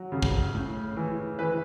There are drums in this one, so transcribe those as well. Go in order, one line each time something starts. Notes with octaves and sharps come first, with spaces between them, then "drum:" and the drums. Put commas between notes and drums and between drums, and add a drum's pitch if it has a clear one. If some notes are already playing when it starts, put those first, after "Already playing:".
Already playing: F#3
C#3
drum: kick
A2
E3
E3 B4